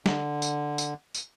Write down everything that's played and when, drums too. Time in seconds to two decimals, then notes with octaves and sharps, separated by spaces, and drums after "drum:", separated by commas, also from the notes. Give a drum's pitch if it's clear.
0.06 D3, drum: snare
0.42 drum: tambourine
0.78 drum: tambourine
1.15 drum: tambourine